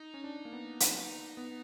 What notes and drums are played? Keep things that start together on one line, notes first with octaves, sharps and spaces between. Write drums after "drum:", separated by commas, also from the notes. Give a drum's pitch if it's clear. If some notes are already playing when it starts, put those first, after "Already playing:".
Already playing: D#4
C#4
D4
A#3
B3
drum: hi-hat
B3